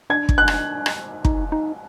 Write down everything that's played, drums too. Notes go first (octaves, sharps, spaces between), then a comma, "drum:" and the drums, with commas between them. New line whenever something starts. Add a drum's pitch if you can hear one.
D4 G#6
drum: kick
F#6
drum: rim click
drum: rim click
D#4, drum: kick
D#4